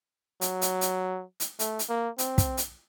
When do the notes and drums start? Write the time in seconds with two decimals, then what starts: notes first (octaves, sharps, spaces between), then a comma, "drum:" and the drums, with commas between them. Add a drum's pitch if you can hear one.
0.41 F#3, drum: hi-hat
0.62 drum: hi-hat
0.81 drum: hi-hat
1.40 drum: hi-hat
1.59 A3, drum: hi-hat
1.79 drum: hi-hat
1.89 A#3
2.18 C4, drum: hi-hat
2.38 drum: kick, hi-hat
2.57 drum: hi-hat